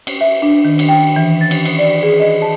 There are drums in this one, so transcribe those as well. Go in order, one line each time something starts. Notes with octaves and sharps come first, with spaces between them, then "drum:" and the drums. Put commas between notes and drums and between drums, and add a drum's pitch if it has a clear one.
drum: cymbal
E5
D4
D#3
drum: cymbal
G5
E3
A6
drum: cymbal
drum: cymbal
D5
G#4
D#5
A5